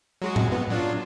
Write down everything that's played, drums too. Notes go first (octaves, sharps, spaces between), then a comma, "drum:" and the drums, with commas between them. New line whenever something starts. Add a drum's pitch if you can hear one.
F#3 G#3 F#4
drum: tom A2
B3
F#3 D4 F4